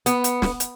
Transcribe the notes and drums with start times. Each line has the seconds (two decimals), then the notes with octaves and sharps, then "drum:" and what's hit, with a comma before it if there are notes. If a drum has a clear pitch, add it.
0.06 B3, drum: hi-hat
0.24 drum: hi-hat
0.42 drum: snare
0.60 drum: hi-hat